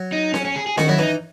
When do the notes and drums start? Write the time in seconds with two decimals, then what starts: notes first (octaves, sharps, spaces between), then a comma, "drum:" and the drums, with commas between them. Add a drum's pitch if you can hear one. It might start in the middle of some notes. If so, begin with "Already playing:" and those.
Already playing: F#3
0.12 D#4
0.34 C#4, drum: snare C#4
0.45 C#4
0.56 G#4
0.67 G#4
0.78 D#3 F#4, drum: snare C#4
0.88 F#3 E4
0.99 E3 D#4